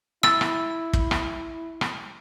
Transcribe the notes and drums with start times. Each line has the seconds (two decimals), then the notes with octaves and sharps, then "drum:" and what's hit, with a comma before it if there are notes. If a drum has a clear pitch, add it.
0.23 E4 E6 A6, drum: rim click
0.41 drum: rim click
0.93 drum: kick
1.11 drum: rim click
1.81 drum: rim click